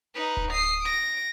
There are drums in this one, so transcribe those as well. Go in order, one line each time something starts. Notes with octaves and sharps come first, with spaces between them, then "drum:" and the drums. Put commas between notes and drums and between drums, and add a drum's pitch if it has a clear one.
D#4 B4
drum: kick D1
D#6 C7
A#6 D7